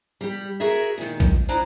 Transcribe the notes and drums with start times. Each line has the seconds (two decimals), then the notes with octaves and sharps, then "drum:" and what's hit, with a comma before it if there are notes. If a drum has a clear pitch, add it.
0.21 G3 G4
0.60 F#4 G#4 A#4 C#5 E5
0.98 A#2 D#3
1.20 drum: kick A#1
1.49 F3 D4 E4 A#5